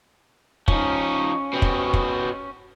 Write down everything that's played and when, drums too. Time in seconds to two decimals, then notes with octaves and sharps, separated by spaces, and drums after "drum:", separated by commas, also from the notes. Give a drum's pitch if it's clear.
0.68 F3 C#4 D#4, drum: kick
1.53 B2 C4
1.62 drum: kick
1.94 drum: kick